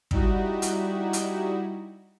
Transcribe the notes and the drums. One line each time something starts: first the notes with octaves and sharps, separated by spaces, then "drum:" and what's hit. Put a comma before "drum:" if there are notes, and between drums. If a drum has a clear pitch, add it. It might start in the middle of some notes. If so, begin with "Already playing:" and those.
G3 D#4 E4 F#4, drum: kick
drum: hi-hat
drum: hi-hat